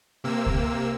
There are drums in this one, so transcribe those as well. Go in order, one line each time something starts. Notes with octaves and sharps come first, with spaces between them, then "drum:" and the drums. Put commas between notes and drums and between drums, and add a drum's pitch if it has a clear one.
C3 A#3 E6
drum: kick C#2